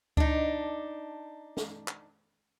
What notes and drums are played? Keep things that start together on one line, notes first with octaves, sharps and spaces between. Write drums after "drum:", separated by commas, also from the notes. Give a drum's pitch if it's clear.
D4 D#4, drum: kick C#2
drum: snare
drum: clap